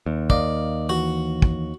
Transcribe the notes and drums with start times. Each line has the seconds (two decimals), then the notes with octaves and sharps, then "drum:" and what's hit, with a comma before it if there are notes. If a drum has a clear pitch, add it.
0.06 D#2
0.30 A#4 D5 D#5 F5, drum: kick
0.89 E3 F#4
1.42 drum: kick